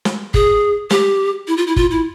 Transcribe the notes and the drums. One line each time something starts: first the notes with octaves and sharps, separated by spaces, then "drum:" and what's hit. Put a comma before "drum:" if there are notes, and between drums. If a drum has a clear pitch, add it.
drum: snare
G#4, drum: kick G1
G4, drum: snare
E4
F4
E4
F4, drum: kick G1
E4